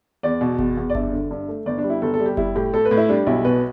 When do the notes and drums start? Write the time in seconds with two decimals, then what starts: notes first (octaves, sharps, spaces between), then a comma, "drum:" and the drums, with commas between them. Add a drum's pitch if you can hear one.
0.23 E2 D5
0.41 B2
0.59 E2, drum: kick F#1
0.77 E2
0.90 D5
0.95 G2 E5, drum: kick F#1
1.13 D3
1.31 G2
1.48 A3
1.66 G1 D5
1.78 D4
1.84 G3
1.90 E4
2.02 G1 A4
2.14 A4
2.20 G3
2.26 G4
2.37 G3 E4, drum: kick F#1
2.55 A2 G4
2.73 A2 A4
2.85 B4
2.91 A2
2.97 E4
3.09 G3 D4
3.27 B1 E4
3.45 B2 B4